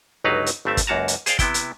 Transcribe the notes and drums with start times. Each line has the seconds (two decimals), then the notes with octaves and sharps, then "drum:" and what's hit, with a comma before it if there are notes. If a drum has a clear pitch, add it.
0.24 G1 C#2 F#3 D#4 B4 F5
0.46 drum: hi-hat
0.65 G1 G2 A3 C4 E5 A5
0.77 drum: kick, hi-hat
0.87 C#2 F#2 A#3 F#4 A5 A#5
1.08 drum: hi-hat
1.26 G#4 C5 D5 F5 G5, drum: hi-hat
1.39 C3 B3 E4 G5, drum: kick, hi-hat
1.54 drum: hi-hat